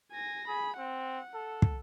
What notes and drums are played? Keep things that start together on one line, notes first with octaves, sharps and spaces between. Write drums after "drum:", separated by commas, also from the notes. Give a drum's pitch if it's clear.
G#5 A#6
G#4 B5
C4 F#5
A4
drum: kick